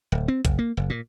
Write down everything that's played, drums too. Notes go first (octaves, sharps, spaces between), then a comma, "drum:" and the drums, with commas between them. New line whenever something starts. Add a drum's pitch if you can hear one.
D1
C4
F#1, drum: kick B1, hi-hat
A#3
F#1
A#2